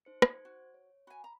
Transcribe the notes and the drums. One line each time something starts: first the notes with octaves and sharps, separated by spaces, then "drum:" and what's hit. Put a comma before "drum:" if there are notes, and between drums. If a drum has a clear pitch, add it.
D#4 C5 C#7
C5 G#6, drum: rim click
F#4
C#5
F#4 G#5 B5
A#5